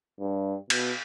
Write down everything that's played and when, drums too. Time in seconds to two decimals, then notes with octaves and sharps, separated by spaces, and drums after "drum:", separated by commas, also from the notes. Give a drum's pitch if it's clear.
0.20 G2
0.70 B2, drum: cymbal